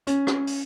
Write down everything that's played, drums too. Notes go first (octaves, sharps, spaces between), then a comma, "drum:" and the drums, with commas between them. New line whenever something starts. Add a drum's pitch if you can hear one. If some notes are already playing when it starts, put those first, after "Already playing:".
C#4, drum: hi-hat
drum: rim click
drum: open hi-hat